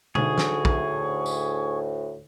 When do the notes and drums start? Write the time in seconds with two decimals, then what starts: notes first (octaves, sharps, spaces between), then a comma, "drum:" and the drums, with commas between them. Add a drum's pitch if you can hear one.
0.15 D2 A2 D3 D#4 G#4 C#6, drum: tom B2
0.38 drum: snare
0.65 drum: kick
1.26 drum: tambourine